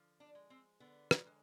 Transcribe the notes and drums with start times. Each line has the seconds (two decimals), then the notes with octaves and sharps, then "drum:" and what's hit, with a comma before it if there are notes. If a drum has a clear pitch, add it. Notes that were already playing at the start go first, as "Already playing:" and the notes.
Already playing: D3 F3
0.20 D4
0.35 G#3
0.50 C4
0.80 D3 B3
1.11 drum: rim click
1.26 G#3